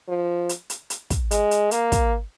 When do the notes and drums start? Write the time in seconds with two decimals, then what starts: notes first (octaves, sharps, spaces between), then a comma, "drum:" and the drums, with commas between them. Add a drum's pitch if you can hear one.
0.08 F3
0.49 drum: hi-hat
0.70 drum: hi-hat
0.90 drum: hi-hat
1.10 drum: kick, hi-hat
1.31 G#3, drum: hi-hat
1.51 drum: hi-hat
1.71 A#3, drum: hi-hat
1.92 drum: kick, hi-hat